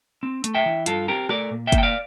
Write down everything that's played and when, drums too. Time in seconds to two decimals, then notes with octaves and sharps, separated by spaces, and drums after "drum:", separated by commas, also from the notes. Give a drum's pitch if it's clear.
0.23 C4
0.44 A3, drum: hi-hat
0.55 E5 G5
0.66 E3
0.86 G2 F4 A4, drum: hi-hat
1.08 C4 G4 A#4
1.29 A3 A#4 D5, drum: rim click
1.51 A#2
1.67 E5 G5
1.72 A#3, drum: kick, hi-hat
1.78 G5
1.83 D5 F5